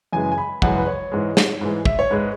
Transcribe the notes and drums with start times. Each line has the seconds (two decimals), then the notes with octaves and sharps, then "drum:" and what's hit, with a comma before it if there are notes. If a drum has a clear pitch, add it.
0.13 F#2 C#3 E3 G#3 G#5
0.32 G#5
0.38 B5
0.62 F#2 C#3 E3 G#3 F#5, drum: kick
0.78 B4
0.87 C#5
1.12 G#2 E3 G#3
1.37 drum: snare
1.61 G#2 E3 G#3
1.85 E5, drum: kick
1.99 C#5
2.11 G#2 G#3 B4